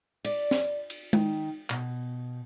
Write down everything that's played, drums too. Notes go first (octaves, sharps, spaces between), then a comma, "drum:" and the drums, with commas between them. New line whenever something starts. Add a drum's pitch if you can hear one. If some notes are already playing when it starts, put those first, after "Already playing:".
D5, drum: cymbal
drum: snare
drum: cymbal
D#3, drum: tom G#3
B2, drum: clap